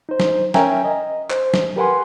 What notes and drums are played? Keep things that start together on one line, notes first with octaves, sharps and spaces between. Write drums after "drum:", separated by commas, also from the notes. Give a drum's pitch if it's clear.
D#4 C5
drum: snare
C#4 A#4 E5 G5 G#5 A#5, drum: snare
D#5
C5, drum: clap
drum: snare
G4 A#4 B4 F#5 G#5 C6